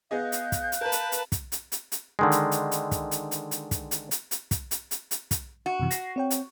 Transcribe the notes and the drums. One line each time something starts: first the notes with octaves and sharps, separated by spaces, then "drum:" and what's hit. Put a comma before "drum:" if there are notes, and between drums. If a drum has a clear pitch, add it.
B3 G#4 D#5 F5 F#6 G6
drum: hi-hat
drum: kick, hi-hat
drum: hi-hat
A#4 B4 A5 B5
drum: hi-hat
drum: hi-hat
drum: kick, hi-hat
drum: hi-hat
drum: hi-hat
drum: hi-hat
D3 D#3 G#3
drum: hi-hat
drum: hi-hat
drum: hi-hat
drum: kick, hi-hat
drum: hi-hat
drum: hi-hat
drum: hi-hat
drum: kick, hi-hat
drum: hi-hat
drum: hi-hat
drum: hi-hat
drum: kick, hi-hat
drum: hi-hat
drum: hi-hat
drum: hi-hat
drum: kick, hi-hat
F#4
F#2 C3 E3
A#6 C7, drum: hi-hat
C4 C#5 G5
drum: hi-hat